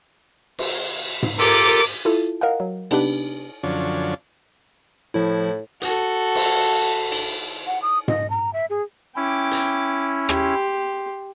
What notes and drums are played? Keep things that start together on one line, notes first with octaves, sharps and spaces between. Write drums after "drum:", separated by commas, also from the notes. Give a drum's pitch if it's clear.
drum: cymbal
drum: tom G#2
F4 G4 A4 A#4 D6, drum: open hi-hat
E4 F4 A4
A#4 D#5 F5 F#5
F#3
C3 B3 D4 D#4 G4 B4, drum: cymbal
F#2 D3 F3 C#4 D4
A2 F3 E4
F#4 A4, drum: hi-hat
drum: cymbal
drum: cymbal
F#5
D#6
D#5, drum: tom G#2
A#5
E5
G#4
C#4 E4 G5 D6
drum: hi-hat
G4 C6, drum: rim click